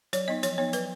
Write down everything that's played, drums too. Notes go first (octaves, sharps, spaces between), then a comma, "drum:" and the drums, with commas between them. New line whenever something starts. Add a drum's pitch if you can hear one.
F#3 C#5, drum: hi-hat
B3 D#4 D#5
F3 C#5, drum: hi-hat
B3 D#4 C#5
F#3 B4, drum: hi-hat